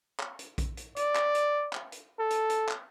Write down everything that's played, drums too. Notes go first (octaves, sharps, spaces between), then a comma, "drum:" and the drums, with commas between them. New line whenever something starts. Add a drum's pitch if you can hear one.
drum: clap
drum: hi-hat
drum: kick A#1, hi-hat
drum: hi-hat
D5, drum: hi-hat
drum: clap
drum: hi-hat
drum: clap
drum: hi-hat
A4
drum: hi-hat
drum: hi-hat
drum: clap